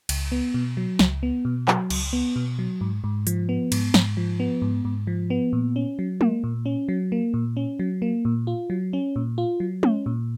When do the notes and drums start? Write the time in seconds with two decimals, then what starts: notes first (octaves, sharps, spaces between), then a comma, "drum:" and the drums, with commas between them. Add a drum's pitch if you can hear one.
0.09 C#2, drum: cymbal
0.32 B3
0.54 B2
0.77 F#3
0.99 C#2, drum: snare
1.23 B3
1.45 B2
1.68 F#3, drum: clap
1.90 C#2, drum: cymbal
2.13 B3
2.36 B2
2.59 F#3
2.81 G#2
3.04 G#2
3.27 F3, drum: hi-hat
3.49 B3
3.72 G#2, drum: cymbal
3.94 G#2, drum: snare
4.17 F3
4.40 B3
4.62 G#2
4.85 G#2
5.07 F3
5.30 B3
5.53 A#2
5.76 C#4
5.99 F#3
6.21 A#3, drum: tom G#3
6.44 A#2
6.66 C#4
6.89 F#3
7.12 A#3
7.34 A#2
7.57 C#4
7.79 F#3
8.02 A#3
8.25 A#2
8.47 F4
8.70 F#3
8.93 C#4
9.16 A#2
9.38 F4
9.60 F#3
9.83 C#4, drum: tom G#3
10.06 A#2